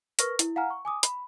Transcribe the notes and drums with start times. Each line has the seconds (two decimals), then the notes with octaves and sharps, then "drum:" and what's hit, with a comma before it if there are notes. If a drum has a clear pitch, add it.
0.19 A#4 B4 C#6 F6 A#6, drum: hi-hat
0.39 E4, drum: hi-hat
0.56 F5 F#5 G#5 A#5 F6
0.70 C#6
0.85 G#5 D6 D#6
1.03 B5, drum: hi-hat